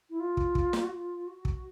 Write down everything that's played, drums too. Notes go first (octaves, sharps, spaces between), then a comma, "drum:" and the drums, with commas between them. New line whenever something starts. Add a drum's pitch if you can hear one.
E4
F4
drum: kick
drum: kick
drum: snare
F#4
F4
F#4
drum: kick